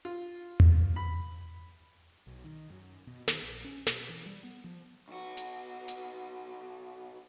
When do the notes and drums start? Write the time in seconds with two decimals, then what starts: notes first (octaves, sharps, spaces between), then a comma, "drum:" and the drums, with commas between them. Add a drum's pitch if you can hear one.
0.05 F4
0.60 drum: tom E2
0.96 B5
2.27 B1
2.45 D#3
2.70 F#2
3.07 B2
3.28 D#3, drum: snare
3.42 A#1
3.64 C#4
3.87 B2, drum: snare
4.09 E3
4.26 G3
4.44 B3
4.64 F3
5.08 B1 F#4
5.37 drum: hi-hat
5.88 drum: hi-hat